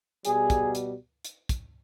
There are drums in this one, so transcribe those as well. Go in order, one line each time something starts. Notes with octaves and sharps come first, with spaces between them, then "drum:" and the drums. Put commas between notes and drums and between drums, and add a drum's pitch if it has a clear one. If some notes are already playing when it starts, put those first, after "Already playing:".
B2 G3 G#4, drum: hi-hat
drum: kick, hi-hat
drum: hi-hat
drum: hi-hat
drum: kick, hi-hat